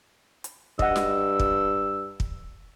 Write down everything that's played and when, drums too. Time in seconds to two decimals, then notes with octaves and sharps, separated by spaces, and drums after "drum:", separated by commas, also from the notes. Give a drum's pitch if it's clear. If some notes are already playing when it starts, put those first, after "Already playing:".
0.44 drum: hi-hat
0.79 G2 D#5 F#5 E6, drum: kick
0.96 drum: snare
1.40 drum: kick
2.20 drum: kick